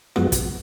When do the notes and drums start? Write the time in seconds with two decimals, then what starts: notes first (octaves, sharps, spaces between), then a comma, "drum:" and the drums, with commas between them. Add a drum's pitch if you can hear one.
0.16 F#2 F3 G#3 B3 F#4, drum: rim click
0.32 drum: kick, hi-hat